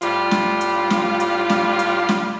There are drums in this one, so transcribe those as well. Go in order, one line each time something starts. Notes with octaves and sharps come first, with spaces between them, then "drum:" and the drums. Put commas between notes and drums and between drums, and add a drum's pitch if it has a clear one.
A2 G3 F4, drum: hi-hat
drum: snare
drum: hi-hat
drum: snare
drum: hi-hat
drum: snare
drum: hi-hat
drum: snare